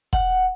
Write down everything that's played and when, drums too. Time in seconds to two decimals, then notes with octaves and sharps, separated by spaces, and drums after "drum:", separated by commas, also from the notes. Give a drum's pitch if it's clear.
0.13 F#5, drum: kick